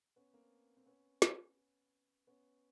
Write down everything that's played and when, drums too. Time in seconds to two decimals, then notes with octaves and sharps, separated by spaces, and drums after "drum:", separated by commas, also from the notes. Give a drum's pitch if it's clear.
0.16 B3 C#4
0.33 A#3 C4
0.77 C4
0.86 B3 C#4
1.22 drum: snare
2.27 B3 C#4